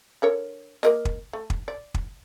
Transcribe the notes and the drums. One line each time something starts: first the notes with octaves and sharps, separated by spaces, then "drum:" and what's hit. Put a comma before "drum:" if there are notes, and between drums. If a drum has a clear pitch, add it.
D3 A#4 C#5
A#3 A#4 D#5, drum: snare
drum: kick
A3
drum: kick
D5
drum: kick